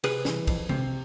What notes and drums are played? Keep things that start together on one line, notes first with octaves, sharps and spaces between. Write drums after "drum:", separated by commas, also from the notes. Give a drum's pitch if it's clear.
C3 G#4 B4, drum: cymbal
E3, drum: snare
F2, drum: kick, cymbal
C3, drum: tom C3